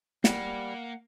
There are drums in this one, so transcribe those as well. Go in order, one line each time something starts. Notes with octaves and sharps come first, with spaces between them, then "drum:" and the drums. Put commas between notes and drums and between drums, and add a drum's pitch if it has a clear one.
G3 A#3 F#5, drum: snare